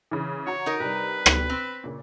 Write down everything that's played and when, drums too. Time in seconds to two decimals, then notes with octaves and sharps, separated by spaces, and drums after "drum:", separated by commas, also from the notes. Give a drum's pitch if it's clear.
0.11 C#3 E3
0.47 F#4 C#5 A#5
0.66 D#4 A#4
0.80 C3 G3 B4
1.26 drum: rim click
1.50 C4
1.84 A#2 C#3